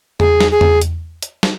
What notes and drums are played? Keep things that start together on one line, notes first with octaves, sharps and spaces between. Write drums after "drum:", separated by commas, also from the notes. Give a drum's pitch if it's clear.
G#4, drum: tom E2
drum: snare
G#4
drum: tom E2
drum: hi-hat
drum: hi-hat
drum: snare